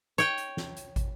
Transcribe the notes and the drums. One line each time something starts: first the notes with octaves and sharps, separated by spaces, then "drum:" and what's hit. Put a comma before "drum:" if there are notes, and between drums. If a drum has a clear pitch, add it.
C#5 G5, drum: hi-hat
drum: hi-hat
drum: snare
drum: hi-hat
drum: kick, hi-hat